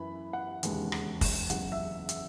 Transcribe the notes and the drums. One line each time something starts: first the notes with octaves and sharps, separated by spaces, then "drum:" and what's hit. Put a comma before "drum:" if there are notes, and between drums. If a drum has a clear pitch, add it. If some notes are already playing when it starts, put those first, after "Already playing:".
Already playing: F#2 E3 B3 B5
F#5
E1 D#2 C#3 G#3 B3, drum: hi-hat
drum: rim click
drum: kick, open hi-hat
F#1 E2 C#3 F#5, drum: hi-hat
E5
drum: hi-hat